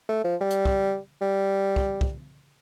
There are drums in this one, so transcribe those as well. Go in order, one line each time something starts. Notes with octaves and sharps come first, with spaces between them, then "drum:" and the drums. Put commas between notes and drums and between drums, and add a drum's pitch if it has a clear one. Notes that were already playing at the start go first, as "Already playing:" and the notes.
A3
F3
G3
drum: hi-hat
drum: kick
G3
drum: kick
drum: kick